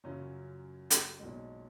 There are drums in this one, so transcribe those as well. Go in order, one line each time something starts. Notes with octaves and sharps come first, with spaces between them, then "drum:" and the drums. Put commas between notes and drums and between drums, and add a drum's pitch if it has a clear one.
F#2 C#3 F#3 C#4 F4
drum: hi-hat
B1 A#2 G#3